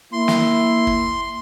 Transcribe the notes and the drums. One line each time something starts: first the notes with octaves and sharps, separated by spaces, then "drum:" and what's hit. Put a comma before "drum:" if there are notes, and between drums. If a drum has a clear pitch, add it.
A#3 E4 C6
drum: snare
drum: kick